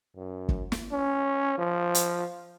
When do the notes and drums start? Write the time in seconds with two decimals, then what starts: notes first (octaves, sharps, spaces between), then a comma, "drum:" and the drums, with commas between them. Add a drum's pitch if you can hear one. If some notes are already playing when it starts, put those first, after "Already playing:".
0.16 F#2
0.49 drum: kick
0.72 drum: snare
0.92 C#4
1.58 F3
1.95 drum: hi-hat